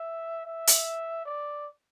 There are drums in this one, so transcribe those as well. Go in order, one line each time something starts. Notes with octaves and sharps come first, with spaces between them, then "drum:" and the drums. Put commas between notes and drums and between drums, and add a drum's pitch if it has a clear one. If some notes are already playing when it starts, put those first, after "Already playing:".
Already playing: E5
E5
drum: hi-hat
D5